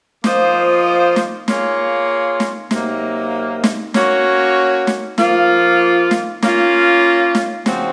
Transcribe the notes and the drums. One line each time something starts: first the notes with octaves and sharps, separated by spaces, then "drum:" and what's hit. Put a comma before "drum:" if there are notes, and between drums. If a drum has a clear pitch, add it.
F3 A#3 F4 C5 D#5, drum: snare
drum: snare
A#3 F4 G#4 C#5, drum: snare
drum: snare
C3 F#3 A#3 D#4, drum: snare
drum: snare
A#3 C#4 F#4 C#5, drum: snare
drum: snare
F3 A#3 F4, drum: snare
drum: snare
A#3 C#4 F4, drum: snare
drum: snare
C#3 F3 C4 F#4 C5, drum: snare